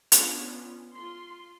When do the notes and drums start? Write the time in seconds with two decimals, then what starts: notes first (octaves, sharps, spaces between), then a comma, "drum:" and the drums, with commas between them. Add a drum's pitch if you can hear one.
0.12 B3 C#4 D4 F4, drum: hi-hat
0.93 F4 C6